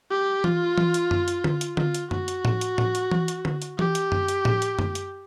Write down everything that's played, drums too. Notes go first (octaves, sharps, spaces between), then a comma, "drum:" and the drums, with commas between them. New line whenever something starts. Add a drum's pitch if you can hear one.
G4
F4, drum: tom E3
drum: tom E3
drum: hi-hat
drum: tom F#2
drum: hi-hat
drum: tom D3
drum: hi-hat
F4, drum: tom D3
drum: hi-hat
F#4, drum: tom F#2
drum: hi-hat
drum: tom A2
drum: hi-hat
drum: tom A2
drum: hi-hat
drum: tom E3
drum: hi-hat
drum: tom D3
drum: hi-hat
G4, drum: tom E3
drum: hi-hat
drum: tom F#2
drum: hi-hat
drum: tom A2
drum: hi-hat
drum: tom F#2
drum: hi-hat